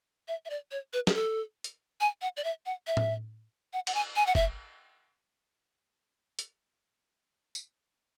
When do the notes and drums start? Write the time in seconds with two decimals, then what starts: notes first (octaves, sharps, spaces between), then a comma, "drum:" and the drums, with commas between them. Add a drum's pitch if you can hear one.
0.28 E5
0.45 E5
0.50 D5
0.71 C#5
0.93 B4
1.07 G#4, drum: snare
1.15 A4
1.64 drum: hi-hat
2.01 G#5
2.22 F#5
2.37 D5
2.44 E5
2.66 F#5
2.87 E5
2.97 drum: tom A2
3.73 F#5
3.87 F#5, drum: cymbal
3.94 G#5
4.16 G#5
4.27 F#5
4.35 E5, drum: kick
6.39 drum: hi-hat
7.55 drum: tambourine